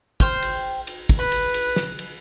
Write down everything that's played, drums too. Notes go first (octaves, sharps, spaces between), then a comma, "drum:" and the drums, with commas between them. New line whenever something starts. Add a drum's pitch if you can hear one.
C5 G5 F6, drum: kick
drum: cymbal
drum: cymbal
drum: kick, cymbal
B4 B5
drum: cymbal
drum: cymbal
drum: snare
drum: cymbal